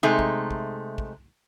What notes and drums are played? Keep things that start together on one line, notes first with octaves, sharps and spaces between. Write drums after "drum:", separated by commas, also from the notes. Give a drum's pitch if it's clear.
C3 G#3 A3 D#4
drum: kick
drum: kick
drum: kick